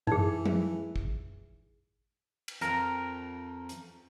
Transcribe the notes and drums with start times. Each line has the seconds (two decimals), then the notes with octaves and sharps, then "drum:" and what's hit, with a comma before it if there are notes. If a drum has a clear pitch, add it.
0.07 E3 D#4 G#4, drum: tom F#2
0.46 drum: tom F3
0.96 drum: kick
2.48 drum: cymbal
2.61 F2 A#4, drum: hi-hat
3.69 drum: hi-hat